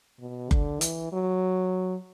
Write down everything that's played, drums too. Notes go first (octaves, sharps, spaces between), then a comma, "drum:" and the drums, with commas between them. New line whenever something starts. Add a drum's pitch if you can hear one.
B2
D3, drum: kick F#1
E3, drum: hi-hat
F#3